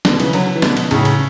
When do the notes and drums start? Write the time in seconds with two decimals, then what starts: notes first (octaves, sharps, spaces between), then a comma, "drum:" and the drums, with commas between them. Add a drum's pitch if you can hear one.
0.05 B2 D3, drum: snare
0.20 C#3 E3, drum: cymbal
0.33 D3 F#3, drum: cymbal
0.55 E3
0.62 B2 D3, drum: snare
0.77 drum: cymbal
0.91 A2 C#3, drum: cymbal
1.05 drum: cymbal